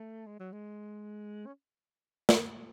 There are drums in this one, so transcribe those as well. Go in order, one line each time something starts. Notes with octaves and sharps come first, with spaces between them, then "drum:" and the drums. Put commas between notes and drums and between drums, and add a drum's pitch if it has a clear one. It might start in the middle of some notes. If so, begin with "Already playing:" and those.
Already playing: A3
G#3
F#3
G#3
C#4
drum: snare